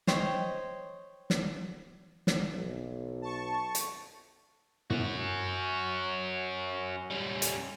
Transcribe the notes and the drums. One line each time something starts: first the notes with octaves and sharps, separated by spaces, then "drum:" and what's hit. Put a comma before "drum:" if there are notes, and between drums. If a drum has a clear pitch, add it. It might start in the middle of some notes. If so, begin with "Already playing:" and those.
C5 C#5 D#5 G5, drum: snare
drum: snare
drum: snare
B1
A5 C#6
drum: hi-hat
C#4 F#4, drum: tom
G3 C#4
drum: hi-hat